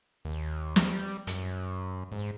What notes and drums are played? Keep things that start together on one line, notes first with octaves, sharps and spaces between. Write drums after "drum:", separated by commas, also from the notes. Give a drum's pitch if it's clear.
D#2
G3, drum: snare
F#2, drum: hi-hat
G#2